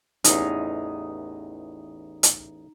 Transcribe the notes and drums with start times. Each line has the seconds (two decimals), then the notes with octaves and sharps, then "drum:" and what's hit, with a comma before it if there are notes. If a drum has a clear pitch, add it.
0.24 A1 E2 D#4, drum: hi-hat
2.23 drum: hi-hat